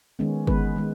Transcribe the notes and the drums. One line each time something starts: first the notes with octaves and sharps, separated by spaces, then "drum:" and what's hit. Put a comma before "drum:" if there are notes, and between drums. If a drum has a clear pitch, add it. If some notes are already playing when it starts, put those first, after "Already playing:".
D#3 G#3 B3 C#4
D#3 G#3 B3 B4, drum: kick G1
D#3 G#3